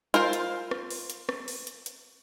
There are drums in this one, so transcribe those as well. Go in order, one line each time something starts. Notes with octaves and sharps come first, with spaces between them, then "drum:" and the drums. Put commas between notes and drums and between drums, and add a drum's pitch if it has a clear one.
F4 A#4 C5, drum: hi-hat
drum: hi-hat
drum: rim click
drum: open hi-hat
drum: hi-hat
drum: rim click
drum: open hi-hat
drum: hi-hat
drum: hi-hat